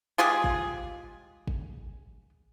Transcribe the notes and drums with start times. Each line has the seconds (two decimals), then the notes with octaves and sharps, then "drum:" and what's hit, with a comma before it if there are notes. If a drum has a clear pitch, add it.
0.18 G#3 F4 G4 G#4
0.44 drum: kick G#1
1.47 drum: kick G#1